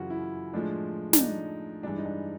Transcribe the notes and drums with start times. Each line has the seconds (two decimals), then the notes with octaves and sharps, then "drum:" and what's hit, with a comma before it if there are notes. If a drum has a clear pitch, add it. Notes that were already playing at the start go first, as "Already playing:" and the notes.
Already playing: F#2 C#3 E3 F4 F#4
0.10 E4
0.53 A2 F3 G#3 D4
1.13 D4, drum: snare
1.18 D#4
1.83 G2 E3 G#3 D4
1.98 D#4
2.05 D4